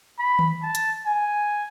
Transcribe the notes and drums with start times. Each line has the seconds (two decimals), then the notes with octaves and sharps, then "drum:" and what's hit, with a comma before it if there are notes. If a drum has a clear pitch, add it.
0.19 B5
0.39 drum: tom D#3
0.62 A5
0.75 drum: hi-hat
1.06 G#5